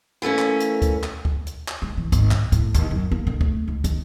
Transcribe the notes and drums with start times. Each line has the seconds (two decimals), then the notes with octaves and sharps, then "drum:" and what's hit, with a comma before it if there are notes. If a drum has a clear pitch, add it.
0.22 E3 A3 A#3 C#4
0.39 drum: clap
0.60 drum: hi-hat
0.82 drum: kick, hi-hat
1.03 drum: clap
1.25 drum: kick
1.47 drum: hi-hat
1.68 drum: clap
1.82 G#3
1.97 E3
2.12 G#1, drum: kick, hi-hat
2.31 A1, drum: clap
2.52 A2, drum: kick, hi-hat
2.74 D#2, drum: hi-hat
2.91 F#2
3.11 A#3
3.27 D3
3.41 A3, drum: kick
3.68 C#2
3.84 D#3, drum: kick, hi-hat